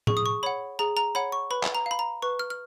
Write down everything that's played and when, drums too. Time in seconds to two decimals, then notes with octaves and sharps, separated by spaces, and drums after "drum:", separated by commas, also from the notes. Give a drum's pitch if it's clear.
0.07 G#4 C#6, drum: tom A2
0.17 D#6
0.26 C#6
0.43 C#5 F#5 B5
0.79 G#4 A#5
0.97 A#5
1.15 C#5 F#5 B5
1.32 C#6
1.51 B4 B5
1.63 drum: clap
1.75 A#5
1.86 F5
1.91 B5
1.99 A#5
2.22 B4 C#6
2.39 F6
2.50 F6